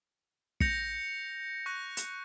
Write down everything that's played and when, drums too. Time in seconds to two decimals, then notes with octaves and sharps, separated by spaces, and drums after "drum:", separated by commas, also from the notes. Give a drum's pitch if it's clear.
0.60 G6 A#6 C#7 F7, drum: kick
1.66 C#6 F#6 A#6
1.97 drum: hi-hat